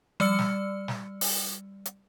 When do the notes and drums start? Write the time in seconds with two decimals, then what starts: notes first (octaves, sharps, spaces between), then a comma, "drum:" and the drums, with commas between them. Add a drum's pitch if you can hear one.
0.20 G3 D5 E6 C#7, drum: tom F3
0.39 drum: snare
0.88 drum: snare
1.21 drum: open hi-hat
1.85 drum: hi-hat